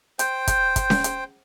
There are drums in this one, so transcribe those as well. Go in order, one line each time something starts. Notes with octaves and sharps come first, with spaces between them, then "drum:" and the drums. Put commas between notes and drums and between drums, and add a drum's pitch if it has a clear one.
C5 G5, drum: hi-hat
drum: kick, hi-hat
drum: kick, hi-hat
drum: snare C#4
drum: hi-hat